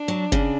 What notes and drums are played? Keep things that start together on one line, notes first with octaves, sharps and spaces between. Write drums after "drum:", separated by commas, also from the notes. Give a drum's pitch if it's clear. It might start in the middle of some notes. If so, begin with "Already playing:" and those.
Already playing: D4
F#3
C#3, drum: kick